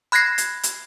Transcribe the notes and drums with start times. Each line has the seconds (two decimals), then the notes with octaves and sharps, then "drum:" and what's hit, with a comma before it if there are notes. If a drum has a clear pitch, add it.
0.12 B5 F#6 G#6 A#6 C7
0.38 drum: hi-hat
0.63 drum: hi-hat